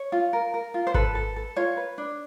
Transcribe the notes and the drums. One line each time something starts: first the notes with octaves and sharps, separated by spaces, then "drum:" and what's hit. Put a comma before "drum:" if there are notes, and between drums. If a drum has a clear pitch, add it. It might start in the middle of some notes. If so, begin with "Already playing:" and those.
Already playing: C#5
F4
A#4
A#4
F4
C5
A4 B4, drum: kick G#1
A4
A4
F4 C#5
B4
D4